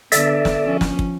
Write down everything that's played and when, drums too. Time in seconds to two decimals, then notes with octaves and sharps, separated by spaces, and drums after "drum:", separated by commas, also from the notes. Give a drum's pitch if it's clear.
0.12 D3 B3 A4 D5 E5, drum: hi-hat
0.45 drum: snare
0.63 F3 C#4
0.81 drum: snare
0.99 drum: kick